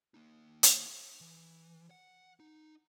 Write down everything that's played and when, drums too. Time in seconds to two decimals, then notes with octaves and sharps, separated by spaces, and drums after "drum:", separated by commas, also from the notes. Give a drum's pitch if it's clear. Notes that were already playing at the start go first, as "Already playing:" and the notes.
0.14 A#3 D#4
0.63 drum: hi-hat
1.21 E3
1.91 F#5
2.40 D#4